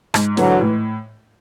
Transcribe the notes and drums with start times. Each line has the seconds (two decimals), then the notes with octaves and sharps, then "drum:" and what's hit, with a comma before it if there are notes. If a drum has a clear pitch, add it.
0.14 G#2, drum: rim click
0.37 D3 E3 F#3, drum: snare
0.61 A2